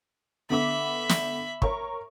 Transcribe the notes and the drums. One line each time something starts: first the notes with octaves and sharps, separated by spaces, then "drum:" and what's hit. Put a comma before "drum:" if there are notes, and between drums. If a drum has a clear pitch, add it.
D3 B3 E5 B5 D6
drum: snare
A#4 C#5 C#6, drum: kick